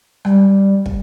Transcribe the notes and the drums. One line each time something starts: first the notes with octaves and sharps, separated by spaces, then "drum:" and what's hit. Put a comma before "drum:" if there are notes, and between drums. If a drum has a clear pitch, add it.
G3, drum: rim click
drum: kick